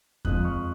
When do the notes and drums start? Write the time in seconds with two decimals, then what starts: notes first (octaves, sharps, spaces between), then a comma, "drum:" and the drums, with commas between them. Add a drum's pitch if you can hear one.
0.25 F2 F3 G#3 D#6 F#6, drum: kick E2
0.44 C#6 F6